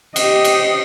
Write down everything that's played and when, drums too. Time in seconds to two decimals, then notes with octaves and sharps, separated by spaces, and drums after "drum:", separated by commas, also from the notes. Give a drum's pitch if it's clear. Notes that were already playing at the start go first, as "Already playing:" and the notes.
0.16 G4 D#5, drum: cymbal
0.45 drum: cymbal